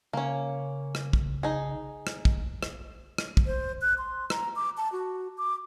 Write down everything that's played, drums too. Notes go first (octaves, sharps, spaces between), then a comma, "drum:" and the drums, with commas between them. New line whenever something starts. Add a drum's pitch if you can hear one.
C#3 A#3 C#4
drum: rim click
drum: kick
D#4 G#4
drum: rim click
drum: kick
drum: rim click
drum: rim click
drum: kick
C5
F#6
C6
A#5, drum: rim click
D6
A5
F#4
D6